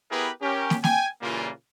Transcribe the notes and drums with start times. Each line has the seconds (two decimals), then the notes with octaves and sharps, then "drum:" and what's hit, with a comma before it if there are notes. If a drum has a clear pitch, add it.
0.11 B3 E4 G4 G#4 A#4 B4
0.42 C#4 G4 A#4
0.70 drum: snare
0.84 G5 G#5, drum: snare
1.22 A#2 C#3 E3 G3 A#3 F4